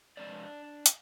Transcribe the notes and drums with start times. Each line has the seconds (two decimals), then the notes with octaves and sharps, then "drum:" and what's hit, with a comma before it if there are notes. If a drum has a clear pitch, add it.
0.17 C3 F3 G#3 C4 D4 D5
0.86 drum: hi-hat